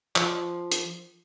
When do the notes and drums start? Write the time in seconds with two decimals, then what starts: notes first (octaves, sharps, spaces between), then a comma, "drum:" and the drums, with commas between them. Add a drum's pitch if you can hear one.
0.16 F3, drum: clap
0.72 drum: hi-hat